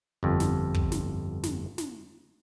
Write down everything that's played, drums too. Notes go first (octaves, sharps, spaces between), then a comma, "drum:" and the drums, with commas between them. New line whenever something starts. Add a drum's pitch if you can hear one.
G1 F2
drum: snare
drum: kick
drum: snare
drum: snare
drum: snare